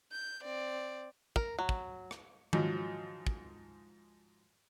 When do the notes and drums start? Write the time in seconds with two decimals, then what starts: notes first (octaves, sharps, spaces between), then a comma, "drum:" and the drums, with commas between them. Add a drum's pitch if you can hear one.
0.12 G6
0.43 C4 D5
1.36 A#4, drum: kick
1.59 F#3
1.69 drum: kick
2.11 drum: rim click
2.53 G#2 F3 F#3, drum: tom D#3
3.27 drum: kick